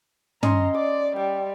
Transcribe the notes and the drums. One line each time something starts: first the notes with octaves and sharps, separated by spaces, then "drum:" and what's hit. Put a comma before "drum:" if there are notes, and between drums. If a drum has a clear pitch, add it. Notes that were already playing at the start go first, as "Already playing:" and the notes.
C#4 D#5 A#5 C6, drum: tom
D5 D6
G3 G5